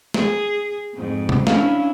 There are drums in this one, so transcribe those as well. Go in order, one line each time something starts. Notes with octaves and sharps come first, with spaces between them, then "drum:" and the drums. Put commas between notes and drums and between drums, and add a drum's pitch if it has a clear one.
G#4, drum: snare
F2 G#2
drum: tom B2
C#4 D4 E4 F5, drum: snare